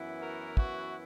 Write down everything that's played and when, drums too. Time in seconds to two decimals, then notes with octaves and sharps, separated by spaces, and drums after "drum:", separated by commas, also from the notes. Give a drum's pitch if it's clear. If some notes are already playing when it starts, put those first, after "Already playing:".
Already playing: F#2 E3 B3 E4
0.21 F#4 A#4
0.57 F#4, drum: kick